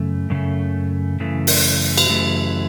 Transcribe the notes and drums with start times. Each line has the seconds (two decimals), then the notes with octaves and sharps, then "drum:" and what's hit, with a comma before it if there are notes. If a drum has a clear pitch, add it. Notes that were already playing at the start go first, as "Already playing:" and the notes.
Already playing: F#2 C#3 A3
0.30 F#2 C#3 A3
1.20 F#2 C#3 E3 A3
1.47 drum: open hi-hat
1.98 drum: cymbal
2.09 F#2 C#3 E3 A3